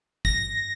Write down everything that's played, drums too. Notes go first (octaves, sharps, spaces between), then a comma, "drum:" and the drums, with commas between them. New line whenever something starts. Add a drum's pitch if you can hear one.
A#6, drum: kick